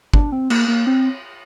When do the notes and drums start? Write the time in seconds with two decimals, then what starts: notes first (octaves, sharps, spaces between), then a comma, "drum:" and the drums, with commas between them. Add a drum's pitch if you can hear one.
0.14 D4, drum: kick
0.32 C4
0.50 A#3, drum: cymbal
0.68 A#3
0.87 C4